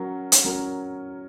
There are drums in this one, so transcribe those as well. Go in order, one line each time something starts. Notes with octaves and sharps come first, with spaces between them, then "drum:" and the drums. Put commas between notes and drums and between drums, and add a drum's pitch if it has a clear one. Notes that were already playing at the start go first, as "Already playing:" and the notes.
Already playing: F#3 C#4 A#4
drum: hi-hat
F#3 C#4 A#4